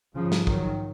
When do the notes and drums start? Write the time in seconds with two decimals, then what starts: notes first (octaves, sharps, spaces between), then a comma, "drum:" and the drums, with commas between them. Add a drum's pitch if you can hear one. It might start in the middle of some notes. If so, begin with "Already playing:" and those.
0.16 G#2 C#3 F3
0.32 drum: snare
0.47 D#3 F#3, drum: kick